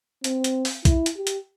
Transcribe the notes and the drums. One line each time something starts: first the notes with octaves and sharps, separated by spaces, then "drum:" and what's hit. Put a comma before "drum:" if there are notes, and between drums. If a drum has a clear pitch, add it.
C4, drum: hi-hat
drum: hi-hat
drum: open hi-hat
E4, drum: kick B1, hi-hat
drum: hi-hat
G4
drum: hi-hat